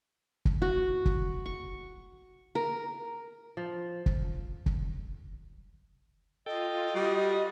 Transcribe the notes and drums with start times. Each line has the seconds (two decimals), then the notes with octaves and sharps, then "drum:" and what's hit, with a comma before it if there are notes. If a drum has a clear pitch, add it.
0.45 drum: kick
0.62 F#4
1.05 drum: kick
1.46 C#6
2.55 A#4
3.57 F3
4.06 drum: kick
4.66 drum: kick
6.46 F4 A4 D#5 G5
6.95 G3 F#4